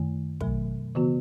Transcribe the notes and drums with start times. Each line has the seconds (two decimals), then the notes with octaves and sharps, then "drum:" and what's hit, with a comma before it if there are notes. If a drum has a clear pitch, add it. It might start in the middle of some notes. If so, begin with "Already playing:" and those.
Already playing: F#2 D#3 A3
0.41 B2 F#3 A3, drum: kick
0.95 C#3 E3 B3 F#4